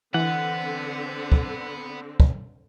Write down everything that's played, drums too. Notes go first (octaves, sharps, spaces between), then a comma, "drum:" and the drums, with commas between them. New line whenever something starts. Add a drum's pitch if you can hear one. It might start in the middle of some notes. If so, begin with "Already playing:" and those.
D3 E3 B3 C4 F#5
drum: kick
drum: kick